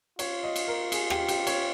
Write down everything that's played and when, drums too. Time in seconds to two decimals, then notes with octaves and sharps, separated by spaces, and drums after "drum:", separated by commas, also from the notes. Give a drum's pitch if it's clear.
0.19 F4 C#5, drum: cymbal
0.44 D#5
0.56 drum: cymbal
0.68 A#4
0.92 G#4, drum: cymbal
1.10 G4, drum: rim click
1.28 G4, drum: cymbal
1.47 C#5, drum: cymbal